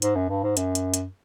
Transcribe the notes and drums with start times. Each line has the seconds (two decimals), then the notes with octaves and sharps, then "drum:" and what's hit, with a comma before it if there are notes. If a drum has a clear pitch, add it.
0.02 G#2, drum: hi-hat
0.16 F#2
0.29 G2
0.44 G#2
0.57 F#2, drum: hi-hat
0.75 drum: hi-hat
0.94 drum: hi-hat